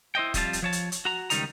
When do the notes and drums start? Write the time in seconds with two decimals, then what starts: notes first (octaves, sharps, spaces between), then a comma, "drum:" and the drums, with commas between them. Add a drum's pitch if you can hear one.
0.15 E4 C5 D#5 G5
0.34 F2 G3 F4 G#4 A5, drum: kick E1, hi-hat
0.53 drum: hi-hat
0.62 F3 C#5 A5
0.73 drum: hi-hat
0.92 drum: hi-hat
1.05 F#4 A#5
1.30 C#2 D#3 G3 D#4 A#5, drum: hi-hat